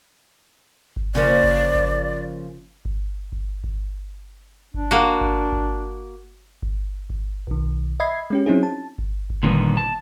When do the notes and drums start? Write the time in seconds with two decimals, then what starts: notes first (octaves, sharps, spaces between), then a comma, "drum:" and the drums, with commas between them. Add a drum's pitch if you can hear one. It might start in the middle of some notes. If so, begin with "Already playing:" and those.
0.96 drum: kick G1
1.15 C#3 F3 A#3 D5
1.44 drum: kick G1
1.75 drum: kick G1
2.85 drum: kick G1
3.32 drum: kick G1
3.64 drum: kick G1
4.74 D4, drum: kick G1
4.91 A#3 F#4
5.21 drum: kick G1
5.52 drum: kick G1
6.62 drum: kick G1
7.10 drum: kick G1
7.47 B1 D#3
8.00 D#5 E5 B5 G#6 C7
8.30 G#3 C#4 G4
8.46 F#3 C4 C#4 D#4 E4 G#4
8.63 A5
8.98 drum: kick G1
9.30 drum: kick G1
9.43 A#2 D3 D#3 G3 B3
9.77 A5